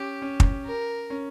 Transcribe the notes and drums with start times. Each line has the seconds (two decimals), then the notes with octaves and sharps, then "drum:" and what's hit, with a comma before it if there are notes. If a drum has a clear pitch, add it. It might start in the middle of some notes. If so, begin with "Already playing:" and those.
Already playing: C#4 G4
0.22 C#4
0.40 drum: kick
0.66 A#4
1.10 C#4